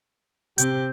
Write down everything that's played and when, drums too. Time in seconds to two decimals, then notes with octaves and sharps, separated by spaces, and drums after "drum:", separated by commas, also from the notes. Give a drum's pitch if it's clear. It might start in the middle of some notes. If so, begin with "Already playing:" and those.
0.58 C3 C4 G4 G6, drum: hi-hat